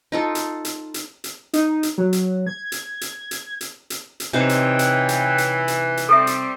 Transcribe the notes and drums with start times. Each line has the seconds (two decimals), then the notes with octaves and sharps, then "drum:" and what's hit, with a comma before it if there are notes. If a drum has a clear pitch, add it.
0.12 D#4 F4 A4
0.35 drum: hi-hat
0.65 drum: hi-hat
0.94 drum: hi-hat
1.24 drum: hi-hat
1.53 D#4, drum: hi-hat
1.83 drum: hi-hat
1.98 F#3
2.13 drum: hi-hat
2.47 G#6
2.72 drum: hi-hat
3.01 drum: hi-hat
3.31 drum: hi-hat
3.61 drum: hi-hat
3.90 drum: hi-hat
4.20 drum: hi-hat
4.33 C3 E3 D#4 C5 C#5 G5
4.49 drum: hi-hat
4.79 drum: hi-hat
5.09 drum: hi-hat
5.38 drum: hi-hat
5.68 drum: hi-hat
5.97 drum: hi-hat
6.09 G3 C4 A4 E5
6.27 drum: hi-hat